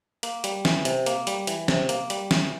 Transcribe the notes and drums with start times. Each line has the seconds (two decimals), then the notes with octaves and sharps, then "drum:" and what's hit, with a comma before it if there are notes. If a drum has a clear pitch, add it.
0.23 A#3, drum: hi-hat
0.44 G3, drum: hi-hat
0.65 E3, drum: snare
0.85 C3, drum: hi-hat
1.06 A#3, drum: hi-hat
1.27 G3, drum: hi-hat
1.47 E3, drum: hi-hat
1.68 C3, drum: snare
1.89 A#3, drum: hi-hat
2.10 G3, drum: hi-hat
2.31 E3, drum: snare